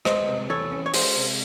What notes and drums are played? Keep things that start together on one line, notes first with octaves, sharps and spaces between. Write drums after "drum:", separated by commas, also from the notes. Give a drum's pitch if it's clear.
G#3 C5 D#5, drum: rim click
C3
E3 A4 C#5
C#4
C#5
G#3 G#4 C5, drum: open hi-hat
C3